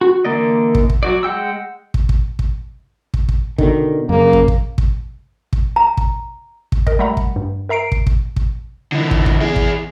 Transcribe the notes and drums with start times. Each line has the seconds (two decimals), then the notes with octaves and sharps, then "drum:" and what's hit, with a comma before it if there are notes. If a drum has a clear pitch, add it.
0.01 F#4
0.25 D3 E3 A#3 D5 D#5
0.75 drum: kick
0.90 drum: kick
1.03 F#3 F#4 D5
1.23 G#3 F#5 G5 E6
1.94 drum: kick
2.09 drum: kick
2.39 drum: kick
3.14 drum: kick
3.29 drum: kick
3.58 B2 D3 D#3, drum: kick
4.09 F#2 C#3 A#3
4.33 drum: kick
4.48 drum: kick
4.78 drum: kick
5.53 drum: kick
5.76 A#5
5.97 drum: kick
6.72 drum: kick
6.87 A#4 D#5, drum: kick
6.99 G3 A3 E5 F#5 A#5 B5
7.17 drum: kick
7.36 G2
7.69 A#4 E5 A#5 C7 D7
7.92 drum: kick
8.07 drum: kick
8.36 drum: kick
8.92 D3 E3
9.11 drum: kick
9.26 drum: kick
9.41 E3 G#4
9.56 drum: kick